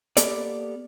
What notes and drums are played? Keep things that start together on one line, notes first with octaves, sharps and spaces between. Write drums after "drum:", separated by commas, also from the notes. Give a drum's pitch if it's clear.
A#3 B3 G4 A4 D5, drum: hi-hat